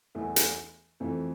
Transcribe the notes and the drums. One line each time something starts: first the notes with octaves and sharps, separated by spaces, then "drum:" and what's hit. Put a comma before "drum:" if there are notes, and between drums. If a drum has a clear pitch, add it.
E2 E3 A3 E4
drum: hi-hat
F2 E3 A3 C4